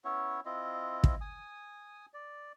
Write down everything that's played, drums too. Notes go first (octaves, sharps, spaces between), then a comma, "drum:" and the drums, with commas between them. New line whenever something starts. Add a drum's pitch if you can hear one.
B3 C#4 E4 C#5
C4 E4 F4 D#5
drum: kick
G#5 D#6
D5